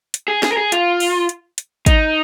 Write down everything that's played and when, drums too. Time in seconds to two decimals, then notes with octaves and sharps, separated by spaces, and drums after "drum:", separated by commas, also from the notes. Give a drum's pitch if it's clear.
0.14 drum: hi-hat
0.28 G#4
0.43 G#4, drum: snare
0.52 A#4
0.57 G#4
0.72 F4, drum: hi-hat
1.00 drum: open hi-hat
1.29 drum: hi-hat
1.58 drum: hi-hat
1.86 D#4, drum: kick, hi-hat